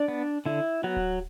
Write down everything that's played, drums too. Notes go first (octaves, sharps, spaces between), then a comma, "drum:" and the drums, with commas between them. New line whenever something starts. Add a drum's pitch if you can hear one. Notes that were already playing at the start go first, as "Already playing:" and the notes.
Already playing: D4 D5
B3
D3 E4
F#3 B3 F#4
drum: kick D1